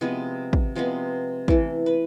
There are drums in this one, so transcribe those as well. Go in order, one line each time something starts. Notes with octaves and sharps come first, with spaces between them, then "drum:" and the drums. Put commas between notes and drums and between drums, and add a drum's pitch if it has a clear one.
C3 F3 G#3 B3 B4
drum: kick
C3 F3 G#3 B3
E3 A3, drum: kick
B4